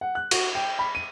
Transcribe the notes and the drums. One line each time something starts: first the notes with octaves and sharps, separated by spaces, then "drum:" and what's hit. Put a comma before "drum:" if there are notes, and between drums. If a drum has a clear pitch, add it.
F#5
F#6
F#4, drum: cymbal
G5
B5
D#7